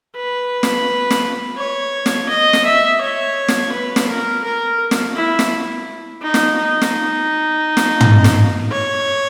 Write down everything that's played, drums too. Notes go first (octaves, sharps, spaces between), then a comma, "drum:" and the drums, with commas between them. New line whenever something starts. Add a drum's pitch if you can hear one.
B4
drum: snare
drum: snare
C#5
drum: snare
D#5
drum: snare
E5
C#5
drum: snare
B4
drum: snare
A#4
A#4
drum: snare
E4
drum: snare
D#4
drum: snare
D#4
drum: snare
drum: snare
drum: tom
drum: snare
C#5